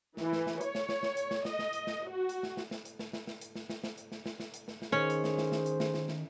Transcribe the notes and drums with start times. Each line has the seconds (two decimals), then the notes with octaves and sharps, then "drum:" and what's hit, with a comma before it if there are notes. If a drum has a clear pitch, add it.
0.17 E3, drum: snare
0.33 drum: snare
0.47 drum: snare
0.61 C#5, drum: hi-hat
0.75 drum: snare
0.89 drum: snare
1.03 drum: snare
1.17 drum: hi-hat
1.31 drum: snare
1.45 D#5, drum: snare
1.59 drum: snare
1.73 drum: hi-hat
1.87 drum: snare
2.06 F#4
2.29 drum: hi-hat
2.43 drum: snare
2.57 drum: snare
2.71 drum: snare
2.85 drum: hi-hat
2.99 drum: snare
3.13 drum: snare
3.27 drum: snare
3.41 drum: hi-hat
3.55 drum: snare
3.70 drum: snare
3.84 drum: snare
3.98 drum: hi-hat
4.12 drum: snare
4.26 drum: snare
4.40 drum: snare
4.54 drum: hi-hat
4.68 drum: snare
4.82 drum: snare
4.92 D#3 C#4 G#4 C5 C#5
5.10 drum: hi-hat
5.24 drum: snare
5.38 drum: snare
5.52 drum: snare
5.66 drum: hi-hat
5.80 drum: snare
5.94 drum: snare
6.08 drum: snare